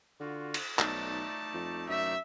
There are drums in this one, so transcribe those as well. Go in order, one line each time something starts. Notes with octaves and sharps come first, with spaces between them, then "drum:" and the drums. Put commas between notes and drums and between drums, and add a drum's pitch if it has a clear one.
D3 F4 F#4
drum: cymbal
B1 A3 D#4 D5 A5, drum: clap
F2
F#2 E5